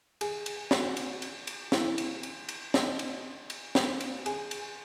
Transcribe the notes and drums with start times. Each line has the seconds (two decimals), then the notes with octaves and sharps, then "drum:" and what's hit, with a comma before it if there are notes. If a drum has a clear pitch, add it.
0.21 G#4, drum: cymbal
0.46 drum: cymbal
0.71 F#4, drum: snare
0.97 drum: cymbal
1.22 drum: cymbal
1.47 drum: cymbal
1.72 E4, drum: snare
1.98 drum: cymbal
2.23 drum: cymbal
2.49 drum: cymbal
2.74 D#4, drum: snare
2.99 drum: cymbal
3.50 drum: cymbal
3.75 drum: snare
4.00 drum: cymbal
4.26 G#4, drum: cymbal
4.51 drum: cymbal